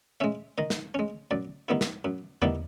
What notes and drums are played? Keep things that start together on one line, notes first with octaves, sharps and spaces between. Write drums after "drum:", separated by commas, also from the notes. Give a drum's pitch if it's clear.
G#3 C#4 E5
D#3 D#5
drum: snare
G#3 C#4
F#2 D5
D#3 G3 B3 E4
drum: snare
F#2
D#3 G3 B3 E4 D5, drum: tom E2